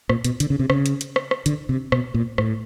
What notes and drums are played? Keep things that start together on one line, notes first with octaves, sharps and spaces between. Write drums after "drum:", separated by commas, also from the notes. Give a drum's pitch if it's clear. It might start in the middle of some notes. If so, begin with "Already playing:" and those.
A#2, drum: rim click
B2, drum: hi-hat
D3, drum: hi-hat
C#3
C3
C#3, drum: rim click
drum: hi-hat
drum: hi-hat
drum: rim click
drum: rim click
D3, drum: hi-hat
C3
B2, drum: rim click
A#2
A2, drum: rim click